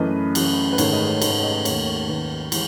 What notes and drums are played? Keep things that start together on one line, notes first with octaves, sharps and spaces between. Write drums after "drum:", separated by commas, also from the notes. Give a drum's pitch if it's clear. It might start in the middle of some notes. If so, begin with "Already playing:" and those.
Already playing: F#2 E3 A3 B4 D#5
F#2 E3 A3, drum: cymbal
B4
G#2 D#3 A3 C#5, drum: cymbal
B4 D#5
C#5
G#2 D#3 A3 B4, drum: cymbal
C#5
B4 D#5
C#5
D#2 D#3 A3 C#5, drum: cymbal
D#2 D#3 A3 B4
E3 G#3, drum: cymbal